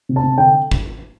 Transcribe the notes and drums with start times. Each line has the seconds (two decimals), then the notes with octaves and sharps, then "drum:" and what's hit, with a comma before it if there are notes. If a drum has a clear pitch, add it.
0.09 C3
0.16 A5
0.23 C3
0.38 D3 G5
0.72 drum: kick